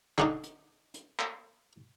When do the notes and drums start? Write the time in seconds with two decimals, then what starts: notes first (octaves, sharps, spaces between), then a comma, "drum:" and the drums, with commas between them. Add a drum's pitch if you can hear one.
0.18 D3 D4 D#4, drum: clap
0.43 drum: hi-hat
0.94 drum: hi-hat
1.19 drum: clap